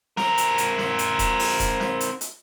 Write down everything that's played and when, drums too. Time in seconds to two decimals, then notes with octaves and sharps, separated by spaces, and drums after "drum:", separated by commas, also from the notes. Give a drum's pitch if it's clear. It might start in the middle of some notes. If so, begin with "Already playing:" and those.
0.17 C4 A#4, drum: snare
0.38 drum: hi-hat
0.58 drum: hi-hat
0.78 drum: snare
0.99 drum: hi-hat
1.19 drum: kick D#1, hi-hat
1.39 drum: open hi-hat
1.60 drum: kick D#1, hi-hat
1.80 drum: snare
2.00 drum: hi-hat
2.21 drum: hi-hat